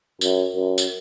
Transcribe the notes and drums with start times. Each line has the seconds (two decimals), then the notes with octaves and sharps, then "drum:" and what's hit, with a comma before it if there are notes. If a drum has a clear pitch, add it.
0.21 F#2, drum: tambourine
0.55 F#2
0.78 drum: tambourine